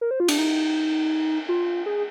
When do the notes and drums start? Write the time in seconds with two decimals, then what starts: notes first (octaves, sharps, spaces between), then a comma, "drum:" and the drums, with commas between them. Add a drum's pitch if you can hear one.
0.01 A#4
0.11 C5
0.20 F4
0.28 D4, drum: cymbal
0.38 D#4
1.49 F4
1.86 G#4